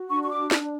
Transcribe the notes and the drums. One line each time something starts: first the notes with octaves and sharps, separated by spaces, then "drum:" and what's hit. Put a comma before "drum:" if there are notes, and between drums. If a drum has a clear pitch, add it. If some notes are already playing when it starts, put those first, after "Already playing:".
Already playing: F#4
D4 C#6
C#6
D6
drum: snare